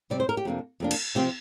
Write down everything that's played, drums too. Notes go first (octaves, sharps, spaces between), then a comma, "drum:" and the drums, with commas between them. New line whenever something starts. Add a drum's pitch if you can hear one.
C3 G3 C4 D5
C5
A#4
G4
F2 C3 A#3 D4
F2 C3 A#3 D4
drum: cymbal
C3 F3 C4 G4